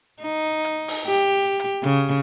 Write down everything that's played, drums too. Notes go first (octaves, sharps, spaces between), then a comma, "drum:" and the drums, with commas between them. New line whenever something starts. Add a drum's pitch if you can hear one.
D#4
drum: hi-hat
drum: open hi-hat
G4
drum: hi-hat
C#3, drum: hi-hat